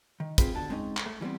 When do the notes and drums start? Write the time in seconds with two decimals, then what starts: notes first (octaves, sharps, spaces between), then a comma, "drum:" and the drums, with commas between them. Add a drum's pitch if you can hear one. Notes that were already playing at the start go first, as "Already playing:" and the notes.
0.20 D#3
0.38 C4 F4 G#4 B4, drum: kick, hi-hat
0.54 B2 D3 A5
0.70 G#3 C4 C#4 D#4
0.97 drum: clap
1.06 A3
1.21 E3 G3 B3 C4